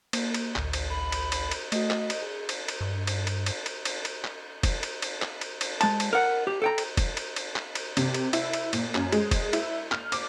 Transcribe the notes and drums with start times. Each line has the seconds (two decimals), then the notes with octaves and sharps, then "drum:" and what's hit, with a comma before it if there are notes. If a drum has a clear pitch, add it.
0.13 A#3, drum: cymbal
0.34 drum: cymbal
0.56 A1 D2, drum: clap
0.73 drum: cymbal
0.90 B5
1.12 drum: cymbal
1.32 drum: cymbal
1.51 drum: cymbal
1.72 A3 F#4 D#5, drum: cymbal
1.90 drum: clap
2.10 drum: cymbal
2.22 G#4
2.49 drum: cymbal
2.68 drum: cymbal
2.81 G2
3.07 drum: cymbal
3.27 drum: cymbal
3.46 drum: cymbal
3.66 drum: cymbal
3.85 drum: cymbal
4.05 drum: cymbal
4.24 drum: clap
4.63 drum: kick, cymbal
4.83 drum: cymbal
5.02 drum: cymbal
5.22 drum: clap
5.41 drum: cymbal
5.61 drum: cymbal
5.81 G#3 A5, drum: cymbal
6.00 drum: cymbal
6.13 A#4 F#5
6.47 G4
6.62 A4 G5 A#5
6.78 drum: cymbal
6.97 drum: kick, cymbal
7.17 drum: cymbal
7.36 drum: cymbal
7.56 drum: clap
7.75 drum: cymbal
7.97 C3, drum: cymbal
8.14 drum: cymbal
8.33 E4, drum: cymbal
8.53 drum: cymbal
8.73 A#2, drum: cymbal
8.95 F#2, drum: clap
9.12 G#3, drum: cymbal
9.31 drum: kick, cymbal
9.53 E4, drum: cymbal
9.92 F6, drum: clap
10.12 D6, drum: cymbal